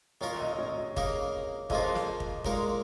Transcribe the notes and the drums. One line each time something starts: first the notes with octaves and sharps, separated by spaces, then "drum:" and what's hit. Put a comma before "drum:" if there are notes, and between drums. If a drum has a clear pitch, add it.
D#3 C#4 F4 A#4 C#5
D#5
D#5
C#5
D#5
C#5
C#3 A#3 D#4 A#4, drum: kick
F2 C#3 F3 A#3 F4 D#5, drum: kick
drum: snare
drum: kick
A#2 G#3 D#4 A#4 C#5, drum: kick